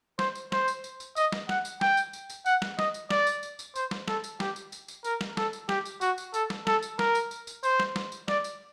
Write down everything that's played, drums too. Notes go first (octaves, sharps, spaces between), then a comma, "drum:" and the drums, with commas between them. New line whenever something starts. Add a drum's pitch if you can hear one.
C5, drum: snare
drum: tambourine
C5, drum: snare
drum: tambourine
drum: tambourine
drum: tambourine
D#5, drum: tambourine
drum: snare
F#5, drum: snare
drum: tambourine
G5, drum: snare
drum: tambourine
drum: tambourine
drum: tambourine
F#5, drum: tambourine
drum: snare
D#5, drum: snare
drum: tambourine
D5, drum: snare
drum: tambourine
drum: tambourine
drum: tambourine
C5, drum: tambourine
drum: snare
A4, drum: snare
drum: tambourine
G4, drum: snare
drum: tambourine
drum: tambourine
drum: tambourine
A#4, drum: tambourine
drum: snare
A4, drum: snare
drum: tambourine
G4, drum: snare
drum: tambourine
F#4, drum: tambourine
drum: tambourine
A4, drum: tambourine
drum: snare
A4, drum: snare
drum: tambourine
A#4, drum: snare
drum: tambourine
drum: tambourine
drum: tambourine
C5, drum: tambourine
drum: snare
drum: snare
drum: tambourine
D5, drum: snare
drum: tambourine